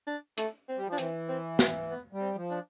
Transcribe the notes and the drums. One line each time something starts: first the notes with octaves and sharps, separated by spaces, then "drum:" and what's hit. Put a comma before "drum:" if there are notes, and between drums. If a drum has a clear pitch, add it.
D4
A3, drum: hi-hat
C4
G3
F3 D4
E3 C4, drum: hi-hat
C4
B3, drum: snare
B3
G3
C4
F3
D4